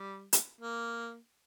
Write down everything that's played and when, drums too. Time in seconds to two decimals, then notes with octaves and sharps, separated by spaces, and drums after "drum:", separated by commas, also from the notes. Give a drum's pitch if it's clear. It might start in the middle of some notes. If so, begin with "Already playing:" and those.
Already playing: G3
0.33 drum: hi-hat
0.61 A#3